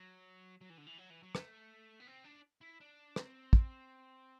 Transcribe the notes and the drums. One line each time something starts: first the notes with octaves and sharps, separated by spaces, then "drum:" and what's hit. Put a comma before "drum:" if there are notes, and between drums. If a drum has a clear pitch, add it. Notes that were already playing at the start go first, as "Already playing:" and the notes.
Already playing: F#3
F#3
E3
D3
E3
F#3
E3
F#3
A3, drum: rim click
B3
C4
D4
E4
D4
C4, drum: rim click
drum: kick